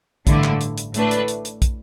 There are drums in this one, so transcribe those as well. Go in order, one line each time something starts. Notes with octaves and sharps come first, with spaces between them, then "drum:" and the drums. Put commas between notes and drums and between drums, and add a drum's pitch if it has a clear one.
A1 G2 D3 A3 E4, drum: kick, hi-hat
drum: clap
drum: hi-hat
drum: hi-hat
A2 A3 D4 B4, drum: hi-hat
drum: hi-hat
drum: hi-hat
drum: hi-hat
drum: kick, hi-hat